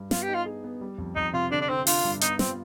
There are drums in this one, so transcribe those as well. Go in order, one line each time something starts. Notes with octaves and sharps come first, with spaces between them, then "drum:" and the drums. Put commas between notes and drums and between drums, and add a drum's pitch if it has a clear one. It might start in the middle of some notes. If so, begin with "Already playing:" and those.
Already playing: G2
B3 F4, drum: snare
G4
D#4
F4
G#4
B3
G3
F2
F2 D#4
C3 F4
D3 D4
D4
D3 C4
D4 F4, drum: open hi-hat
G2
B3 D#4, drum: hi-hat
C4 F4, drum: snare